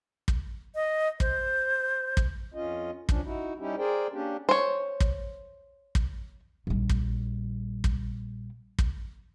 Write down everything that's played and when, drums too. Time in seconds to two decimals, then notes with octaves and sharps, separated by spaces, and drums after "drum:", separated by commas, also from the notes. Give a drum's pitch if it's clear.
0.28 drum: kick
0.75 D#5
1.20 C5, drum: kick
2.17 drum: kick
2.54 F2 C#4 F4 D#5
3.09 F3 C#4 D4, drum: kick
3.24 D#4 E4 F#4
3.58 G3 C#4 D#4 E4 G4
3.78 G#4 A#4 C5 D5 G5
4.13 A#3 C#4 D4 G4
4.49 C5 C#5
5.00 drum: kick
5.95 drum: kick
6.67 A#1 G3
6.89 drum: kick
7.84 drum: kick
8.79 drum: kick